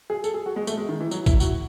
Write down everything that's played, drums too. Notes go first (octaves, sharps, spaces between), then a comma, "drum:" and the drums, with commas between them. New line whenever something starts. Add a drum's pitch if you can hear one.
G#4
A4, drum: tambourine
G#4
F#4
G#3
A3, drum: tambourine
G#3
D#3
E3
F#3, drum: tambourine
E4, drum: kick, tambourine
F#4, drum: tambourine